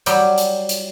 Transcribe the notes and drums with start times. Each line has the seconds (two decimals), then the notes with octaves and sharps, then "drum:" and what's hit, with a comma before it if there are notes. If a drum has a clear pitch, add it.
0.06 F#3 G3 G4 G5, drum: hi-hat
0.38 drum: hi-hat
0.69 drum: hi-hat